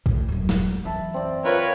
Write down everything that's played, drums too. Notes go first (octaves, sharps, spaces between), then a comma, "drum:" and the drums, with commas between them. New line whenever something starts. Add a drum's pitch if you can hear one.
A2, drum: kick A#1
D#1 F#2
drum: snare
F#2 E3 E5 A5 B5
C4 D5
F4 A#4 B4 C#5 F#5